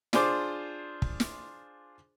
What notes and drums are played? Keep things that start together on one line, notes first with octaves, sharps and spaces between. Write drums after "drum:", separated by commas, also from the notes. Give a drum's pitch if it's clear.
D4 F4 G#4 C5 D6, drum: snare
drum: kick
drum: snare